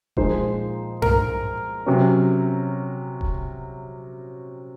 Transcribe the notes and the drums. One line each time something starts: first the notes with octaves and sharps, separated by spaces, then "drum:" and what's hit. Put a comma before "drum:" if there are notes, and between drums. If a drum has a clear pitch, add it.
A#2 F3 G#3 D#4 C5, drum: kick D#1
A#4, drum: tom G2
C3 F#3 C#4
drum: kick D#1